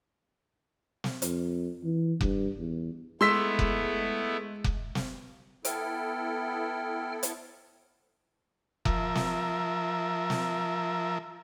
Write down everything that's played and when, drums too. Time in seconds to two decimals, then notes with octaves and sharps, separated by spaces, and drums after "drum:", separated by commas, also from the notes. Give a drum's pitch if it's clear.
1.04 drum: snare
1.22 F2, drum: hi-hat
1.84 E3
2.21 G2, drum: kick F1
2.59 E2
3.21 G#3 A3 B3 E4 C6 E6 B6
3.59 drum: kick F1
4.64 drum: kick F1
4.95 drum: snare
5.65 B3 E4 A4 G5 F6, drum: hi-hat
7.23 drum: hi-hat
8.85 F3 A#4 E5, drum: kick F1
9.15 drum: snare
10.30 drum: snare